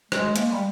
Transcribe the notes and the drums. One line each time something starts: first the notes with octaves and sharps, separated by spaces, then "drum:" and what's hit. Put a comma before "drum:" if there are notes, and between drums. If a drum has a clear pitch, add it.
G#3, drum: rim click
A#3, drum: hi-hat
G3